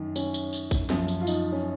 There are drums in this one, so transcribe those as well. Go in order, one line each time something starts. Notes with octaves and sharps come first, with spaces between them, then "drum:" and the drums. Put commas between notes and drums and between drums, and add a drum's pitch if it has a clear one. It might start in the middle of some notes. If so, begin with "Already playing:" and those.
Already playing: F#2 D#3
C#4, drum: tambourine
drum: tambourine
drum: tambourine
drum: kick, tambourine
F#2 F3, drum: snare
drum: tambourine
F4
D#4, drum: tambourine
C#4